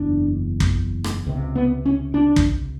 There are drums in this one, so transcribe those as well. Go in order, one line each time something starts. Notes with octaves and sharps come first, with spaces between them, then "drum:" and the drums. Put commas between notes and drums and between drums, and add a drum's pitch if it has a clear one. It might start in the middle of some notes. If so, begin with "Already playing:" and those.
Already playing: F#1 E2 D4
drum: kick
drum: rim click
C#2 C3
B3
C#4
D4
drum: kick